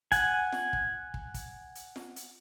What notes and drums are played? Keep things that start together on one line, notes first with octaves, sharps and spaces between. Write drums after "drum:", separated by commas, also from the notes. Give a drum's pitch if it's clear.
F#5 G#5, drum: kick, hi-hat
drum: snare F4
drum: kick
drum: kick
drum: kick, hi-hat
drum: hi-hat
drum: snare F4
drum: hi-hat